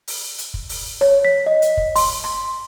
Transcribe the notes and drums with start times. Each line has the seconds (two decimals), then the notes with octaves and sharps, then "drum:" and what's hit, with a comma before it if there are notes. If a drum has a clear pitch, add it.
0.08 drum: open hi-hat
0.38 drum: hi-hat
0.54 drum: kick
0.69 drum: open hi-hat
1.01 C#5, drum: rim click
1.25 B6
1.46 D#5
1.62 drum: hi-hat
1.77 drum: kick
1.96 C6, drum: open hi-hat
2.24 drum: rim click